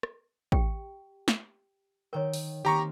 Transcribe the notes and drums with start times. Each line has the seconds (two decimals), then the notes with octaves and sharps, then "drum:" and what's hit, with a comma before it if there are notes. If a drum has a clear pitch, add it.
0.03 drum: rim click
0.52 G4 G5, drum: kick A1
1.28 drum: snare
2.13 D#3 A#4 C#5 G5
2.34 drum: open hi-hat
2.65 D#3 A#3 C4 G4 A#5 C#6